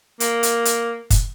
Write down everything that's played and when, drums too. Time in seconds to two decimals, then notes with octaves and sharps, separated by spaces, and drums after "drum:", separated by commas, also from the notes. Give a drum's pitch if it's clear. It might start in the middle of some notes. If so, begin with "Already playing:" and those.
0.20 A#3, drum: hi-hat
0.43 drum: hi-hat
0.65 drum: hi-hat
1.10 drum: kick, hi-hat